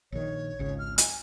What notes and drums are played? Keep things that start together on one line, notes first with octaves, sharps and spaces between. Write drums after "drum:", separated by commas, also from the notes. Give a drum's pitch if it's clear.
A#1 D#3 C#5
G#1 C#2 C#3
F6
G#5, drum: hi-hat